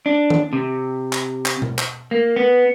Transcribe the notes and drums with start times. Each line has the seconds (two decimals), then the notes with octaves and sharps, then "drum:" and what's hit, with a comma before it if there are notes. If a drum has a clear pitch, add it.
0.06 D4
0.30 drum: tom D#3
0.53 C3
1.13 drum: clap
1.46 drum: clap
1.62 drum: tom B2
1.78 drum: clap
2.11 A#3
2.36 B3